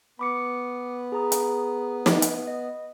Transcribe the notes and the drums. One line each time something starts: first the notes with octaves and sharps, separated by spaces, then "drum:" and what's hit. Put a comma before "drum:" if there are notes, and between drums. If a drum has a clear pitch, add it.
B3 B5 D6 C#7
G#4 A#5 D#6
drum: hi-hat
drum: snare
drum: hi-hat
D#5